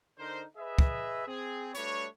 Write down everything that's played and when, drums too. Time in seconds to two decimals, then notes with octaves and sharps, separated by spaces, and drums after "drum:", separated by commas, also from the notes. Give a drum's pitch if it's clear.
0.19 D3 D#4 A#4 C5
0.57 G#4 B4 D#5 E5
0.79 drum: kick
1.27 C4 G#4
1.75 G3 A3 D4 F#4 B4 C#5, drum: hi-hat